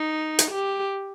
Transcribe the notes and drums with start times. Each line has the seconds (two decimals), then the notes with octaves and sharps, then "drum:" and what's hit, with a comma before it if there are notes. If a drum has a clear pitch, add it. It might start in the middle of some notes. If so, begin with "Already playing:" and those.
Already playing: D#4
0.39 drum: hi-hat
0.51 G4